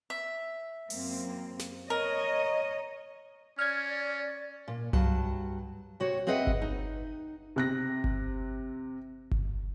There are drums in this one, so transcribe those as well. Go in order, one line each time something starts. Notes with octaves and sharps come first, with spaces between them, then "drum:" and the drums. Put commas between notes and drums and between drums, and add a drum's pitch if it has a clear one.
E5
F#2 A#3 C4, drum: open hi-hat
drum: snare
A#4 C#5 D#5
C#4 D5 F6 G#6
A#2
G2 F#3 A5, drum: tom C2
C3 F#4 C#5
C4 G#4 B4 D#5 E5 F#5
drum: kick G1
D#4
C3 F#6 A#6
drum: kick G1
drum: kick G1